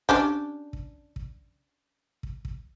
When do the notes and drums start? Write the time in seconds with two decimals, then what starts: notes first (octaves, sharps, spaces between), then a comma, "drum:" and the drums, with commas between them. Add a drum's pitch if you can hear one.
0.09 C#4 D4 G4, drum: kick
0.73 drum: kick
1.16 drum: kick
2.23 drum: kick
2.45 drum: kick